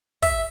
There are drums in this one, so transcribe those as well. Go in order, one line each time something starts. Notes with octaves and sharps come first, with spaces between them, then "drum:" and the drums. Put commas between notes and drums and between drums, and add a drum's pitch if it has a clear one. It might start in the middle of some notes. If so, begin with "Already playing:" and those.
E5, drum: kick, open hi-hat